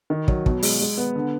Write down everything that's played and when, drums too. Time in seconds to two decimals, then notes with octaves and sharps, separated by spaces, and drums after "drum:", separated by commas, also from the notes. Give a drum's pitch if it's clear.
0.10 D#3
0.28 F#3, drum: kick
0.46 B2, drum: kick
0.62 G#3, drum: open hi-hat
0.81 G#3
0.98 B3
1.16 D3